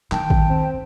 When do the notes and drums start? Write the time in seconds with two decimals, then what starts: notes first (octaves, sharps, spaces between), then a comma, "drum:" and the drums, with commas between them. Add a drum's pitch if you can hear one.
0.12 D#3 G5 A5, drum: clap
0.30 drum: kick A1
0.50 C4